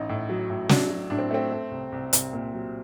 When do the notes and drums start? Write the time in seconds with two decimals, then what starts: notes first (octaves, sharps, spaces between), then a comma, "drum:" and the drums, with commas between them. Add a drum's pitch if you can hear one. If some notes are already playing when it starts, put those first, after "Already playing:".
Already playing: A1 D#4
0.09 A2
0.29 F#3
0.50 A2
0.69 F#3 D4, drum: snare
0.90 F#3
1.10 A2 D4
1.19 C4
1.31 A3 C4
1.51 A3
1.71 C2
1.92 C2
2.13 C2, drum: hi-hat
2.33 A#2
2.53 F#3